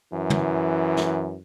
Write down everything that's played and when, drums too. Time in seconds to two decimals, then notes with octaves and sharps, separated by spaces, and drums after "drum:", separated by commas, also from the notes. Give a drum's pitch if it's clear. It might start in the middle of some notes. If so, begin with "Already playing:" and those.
0.13 F#2 E3
0.30 drum: tom
0.97 drum: snare